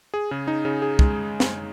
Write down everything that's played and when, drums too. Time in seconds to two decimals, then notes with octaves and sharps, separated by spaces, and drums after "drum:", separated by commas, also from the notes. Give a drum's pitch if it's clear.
0.14 G#4
0.31 C#3
0.48 D#4
0.65 C#3
0.82 G#4
0.99 G#3, drum: kick
1.40 drum: snare